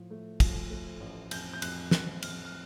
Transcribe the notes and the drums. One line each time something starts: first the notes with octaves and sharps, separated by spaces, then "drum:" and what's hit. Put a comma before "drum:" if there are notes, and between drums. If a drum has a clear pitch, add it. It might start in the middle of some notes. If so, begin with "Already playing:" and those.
Already playing: A2 F3
A3
F3, drum: kick, cymbal
A3
A1
F2 G6, drum: cymbal
G6
F2 F#6, drum: cymbal
F2 F#6, drum: snare
F2 F6, drum: cymbal
F6